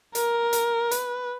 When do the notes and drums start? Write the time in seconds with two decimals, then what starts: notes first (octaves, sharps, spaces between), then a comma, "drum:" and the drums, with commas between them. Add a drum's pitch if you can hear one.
0.15 A#4, drum: hi-hat
0.53 drum: hi-hat
0.91 B4, drum: hi-hat